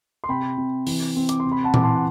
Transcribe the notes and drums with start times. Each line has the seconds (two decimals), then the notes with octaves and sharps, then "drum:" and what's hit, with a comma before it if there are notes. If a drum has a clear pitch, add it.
0.24 C6
0.29 C3 G5 B5
0.57 C3
0.87 E3, drum: open hi-hat
1.16 C4
1.29 D6, drum: hi-hat
1.40 C6
1.45 C3
1.52 B5
1.64 F#5 A5
1.74 E3 D6, drum: tom A#2
1.83 A5 C6
1.95 F#5